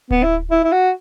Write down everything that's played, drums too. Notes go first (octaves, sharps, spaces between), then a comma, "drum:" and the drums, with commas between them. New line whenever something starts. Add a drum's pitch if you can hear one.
B3, drum: kick D1
E4
E4
E4
F#4